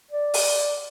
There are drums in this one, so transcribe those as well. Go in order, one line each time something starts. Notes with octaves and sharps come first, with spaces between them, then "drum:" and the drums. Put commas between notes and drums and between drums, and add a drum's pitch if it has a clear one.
D5
drum: open hi-hat